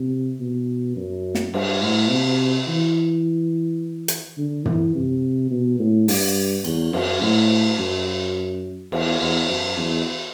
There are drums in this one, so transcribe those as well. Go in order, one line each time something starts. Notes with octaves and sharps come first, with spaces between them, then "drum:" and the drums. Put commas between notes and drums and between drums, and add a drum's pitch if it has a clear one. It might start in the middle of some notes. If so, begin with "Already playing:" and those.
Already playing: C3
B2
F#2
drum: snare
G2, drum: cymbal
A2
C3
E3
drum: hi-hat
D3
E3, drum: tom
C3
B2
A2
G2, drum: open hi-hat
E2, drum: cymbal
F#2, drum: cymbal
A2
F#2
E2, drum: cymbal
E2
F#2
E2